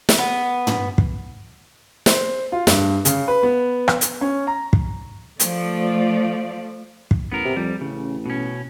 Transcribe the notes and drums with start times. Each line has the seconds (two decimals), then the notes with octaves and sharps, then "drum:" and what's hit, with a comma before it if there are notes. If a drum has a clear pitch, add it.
0.09 drum: snare
0.18 B3
0.67 drum: tom
0.98 drum: kick
2.06 C5, drum: snare
2.52 F4
2.67 G2, drum: snare
3.05 C#3, drum: hi-hat
3.28 B4
3.43 B3
3.88 drum: rim click
4.01 drum: hi-hat
4.21 C#4
4.47 A#5
4.73 drum: kick
5.40 F3 A3 D5, drum: hi-hat
7.11 drum: kick
7.32 A1 B3 A#4
7.45 C3
7.57 F2 G3
7.81 A1 C#3
8.26 B2 C#4